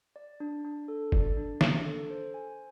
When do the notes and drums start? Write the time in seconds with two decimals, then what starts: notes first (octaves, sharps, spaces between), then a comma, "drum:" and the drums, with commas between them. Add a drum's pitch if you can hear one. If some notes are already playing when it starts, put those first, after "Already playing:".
0.16 D5
0.40 D4
0.64 D4
0.88 A4
1.12 D5, drum: kick G1
1.37 D4
1.61 D4, drum: snare
1.85 A4
2.10 C5
2.34 G#5